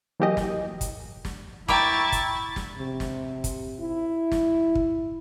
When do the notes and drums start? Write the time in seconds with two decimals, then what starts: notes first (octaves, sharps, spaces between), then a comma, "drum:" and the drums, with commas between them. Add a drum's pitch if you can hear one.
0.20 E3 F#3 A#3 G4 G#4 D#5
0.37 drum: snare
0.81 drum: kick, hi-hat
1.25 drum: snare
1.68 E4 G5 A#5 C#6 D6 A6, drum: snare
2.12 drum: kick, hi-hat
2.56 drum: snare
2.78 C3
3.00 drum: snare
3.44 drum: kick, hi-hat
3.80 E4
4.32 drum: snare
4.75 drum: kick